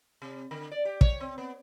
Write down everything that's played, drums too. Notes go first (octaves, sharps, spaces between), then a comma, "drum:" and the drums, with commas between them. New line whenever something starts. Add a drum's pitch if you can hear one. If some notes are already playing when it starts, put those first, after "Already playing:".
C3
D3
D5
G4
C#5, drum: kick
C4
B3